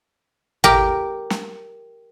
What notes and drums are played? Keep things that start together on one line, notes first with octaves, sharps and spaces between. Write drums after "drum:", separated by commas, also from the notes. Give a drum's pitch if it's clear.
G4 A#4, drum: tom G#1
drum: snare